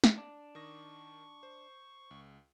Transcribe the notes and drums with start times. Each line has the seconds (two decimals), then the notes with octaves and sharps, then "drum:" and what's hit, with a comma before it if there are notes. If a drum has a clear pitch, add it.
0.04 drum: snare
0.18 D4
0.55 D#3 C#6 D#6 A#6
1.43 C5
2.11 C#2